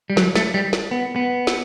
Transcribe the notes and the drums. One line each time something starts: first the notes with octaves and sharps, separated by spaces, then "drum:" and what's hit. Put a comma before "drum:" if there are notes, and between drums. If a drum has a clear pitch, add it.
G3
F#3, drum: snare
A3, drum: snare
G3
drum: snare
B3
B3
drum: snare